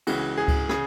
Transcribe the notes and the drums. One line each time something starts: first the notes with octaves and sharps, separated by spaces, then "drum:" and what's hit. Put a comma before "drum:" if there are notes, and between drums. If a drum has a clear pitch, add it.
C#2 C#3 E3 F#4, drum: cymbal
G#4
drum: kick C#2, cymbal
C#3 G#4, drum: rim click